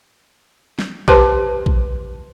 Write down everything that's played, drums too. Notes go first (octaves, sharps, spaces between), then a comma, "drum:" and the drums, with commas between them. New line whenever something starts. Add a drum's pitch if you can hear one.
drum: snare
G4 B4 C5 A5 C6, drum: kick A#1
drum: kick A#1